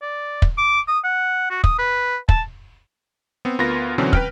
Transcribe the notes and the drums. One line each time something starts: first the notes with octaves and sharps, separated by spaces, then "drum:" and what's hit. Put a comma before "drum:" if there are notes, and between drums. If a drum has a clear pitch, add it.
D5
drum: kick
D6
D#6
F#5
F#4
D#6, drum: kick
B4
A5, drum: kick
B3 C4
D2 B3 F4 A#4 A#6
B2 D3 E3 F#3 C4 C#4
B4 G5 F6, drum: kick